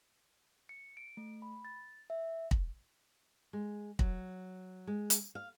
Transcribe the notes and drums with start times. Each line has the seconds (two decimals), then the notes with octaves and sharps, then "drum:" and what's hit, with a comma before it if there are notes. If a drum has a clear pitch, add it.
0.69 C#7
0.97 D7
1.17 A3
1.42 B5
1.65 A6
2.10 E5
2.51 drum: kick
3.53 G#3
3.99 F#3, drum: kick
4.87 G#3
5.10 drum: hi-hat
5.35 F5